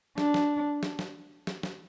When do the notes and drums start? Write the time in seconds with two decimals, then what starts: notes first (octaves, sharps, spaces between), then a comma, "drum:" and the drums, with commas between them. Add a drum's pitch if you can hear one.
0.18 D4, drum: snare
0.34 drum: snare
0.83 drum: snare
0.99 drum: snare
1.47 drum: snare
1.63 drum: snare